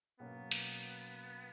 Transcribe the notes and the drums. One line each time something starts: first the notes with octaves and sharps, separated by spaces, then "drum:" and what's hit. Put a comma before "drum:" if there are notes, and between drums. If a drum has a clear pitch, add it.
B2 F#3 A#3 B3 C#4
drum: hi-hat